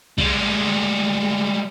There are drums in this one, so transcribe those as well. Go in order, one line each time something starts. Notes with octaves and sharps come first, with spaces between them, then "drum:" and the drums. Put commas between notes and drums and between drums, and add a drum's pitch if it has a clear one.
G3 G#3, drum: kick